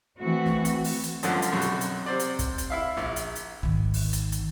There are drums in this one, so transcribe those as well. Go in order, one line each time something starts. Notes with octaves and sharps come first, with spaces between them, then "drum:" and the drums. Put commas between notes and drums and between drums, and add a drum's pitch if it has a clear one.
E3 A3 C4 F#4
drum: snare
drum: hi-hat
drum: open hi-hat
drum: hi-hat
C#2 F#2 D3 F3, drum: hi-hat
drum: hi-hat
B1 F#2 C3 F#4
drum: hi-hat
drum: hi-hat
C3 C5 D5
drum: hi-hat
drum: kick, hi-hat
drum: hi-hat
E4 E5 F5
A#1, drum: snare
drum: hi-hat
drum: hi-hat
G#1 D#3
drum: open hi-hat
drum: hi-hat
drum: hi-hat